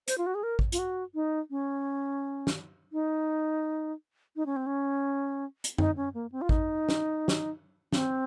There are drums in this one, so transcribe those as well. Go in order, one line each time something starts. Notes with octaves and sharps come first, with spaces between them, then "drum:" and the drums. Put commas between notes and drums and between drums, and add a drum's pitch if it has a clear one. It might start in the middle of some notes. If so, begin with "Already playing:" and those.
C5, drum: hi-hat
F4
F#4
G#4
A#4
drum: kick A1
F4, drum: hi-hat
F#4
D#4
C#4
drum: snare
D#4
D#4
C#4
C4
C#4
drum: hi-hat
D#4, drum: tom F#2
C#4
A#3
C4
F4
D#4, drum: kick A1
drum: snare
drum: snare
C4, drum: snare